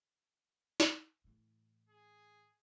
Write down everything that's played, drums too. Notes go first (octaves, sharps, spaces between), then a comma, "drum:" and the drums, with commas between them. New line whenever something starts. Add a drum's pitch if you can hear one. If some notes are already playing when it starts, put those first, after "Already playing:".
drum: snare
A2 E3
G#4